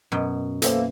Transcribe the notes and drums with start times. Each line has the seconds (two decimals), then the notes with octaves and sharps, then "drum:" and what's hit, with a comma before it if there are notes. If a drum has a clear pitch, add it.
0.12 F#2 B2
0.62 E3 A#3 A4 C5, drum: hi-hat